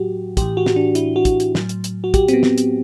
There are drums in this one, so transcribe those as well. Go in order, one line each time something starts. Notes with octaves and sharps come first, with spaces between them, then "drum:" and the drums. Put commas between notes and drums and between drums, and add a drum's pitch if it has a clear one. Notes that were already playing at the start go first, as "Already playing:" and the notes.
Already playing: A2 F#3 F#4 G4
A2 E3 G4, drum: kick, hi-hat
F#4
drum: snare
D4
E4, drum: hi-hat
F#4
drum: kick, hi-hat
drum: hi-hat
A2 F#3, drum: snare
drum: hi-hat
drum: hi-hat
F#4
G4, drum: kick, hi-hat
C4, drum: hi-hat
B3
drum: snare
drum: hi-hat